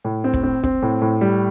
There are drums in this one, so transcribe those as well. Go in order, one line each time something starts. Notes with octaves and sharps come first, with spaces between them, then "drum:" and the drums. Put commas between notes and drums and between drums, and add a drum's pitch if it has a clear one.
A2
C4
drum: kick
C4
C4, drum: kick
A2
A2
G3